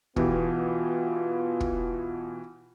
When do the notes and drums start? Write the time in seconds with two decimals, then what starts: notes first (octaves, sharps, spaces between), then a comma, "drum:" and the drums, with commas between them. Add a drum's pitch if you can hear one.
0.16 B2 E3 B3 F4 G4, drum: kick
1.60 drum: kick